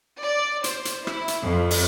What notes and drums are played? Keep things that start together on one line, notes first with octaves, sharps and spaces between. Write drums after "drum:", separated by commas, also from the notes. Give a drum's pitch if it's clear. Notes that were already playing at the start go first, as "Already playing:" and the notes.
D5
C5, drum: hi-hat
drum: hi-hat
E4, drum: rim click
drum: hi-hat
F2
drum: open hi-hat